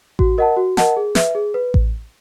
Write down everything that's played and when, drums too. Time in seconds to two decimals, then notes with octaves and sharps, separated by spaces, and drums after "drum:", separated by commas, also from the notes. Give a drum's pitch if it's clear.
0.19 F#4, drum: kick A1
0.38 A#4 D#5 F#5 A5
0.57 F#4
0.77 A#4 D#5 F#5 A5, drum: snare
0.97 G#4
1.15 B4 E5, drum: snare
1.35 G#4
1.54 B4
1.74 drum: kick A1